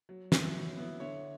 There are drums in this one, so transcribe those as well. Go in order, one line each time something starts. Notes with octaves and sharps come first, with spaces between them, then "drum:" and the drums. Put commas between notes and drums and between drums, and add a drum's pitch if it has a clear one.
F#3
B3 E4, drum: snare
F#3
B3 E4
D3 C#5 E5